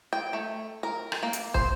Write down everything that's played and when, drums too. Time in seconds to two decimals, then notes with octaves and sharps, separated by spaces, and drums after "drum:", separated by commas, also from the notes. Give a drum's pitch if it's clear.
0.13 G5
0.33 A3
0.83 A#4
1.12 drum: rim click
1.23 A#3
1.33 drum: hi-hat
1.54 C5, drum: kick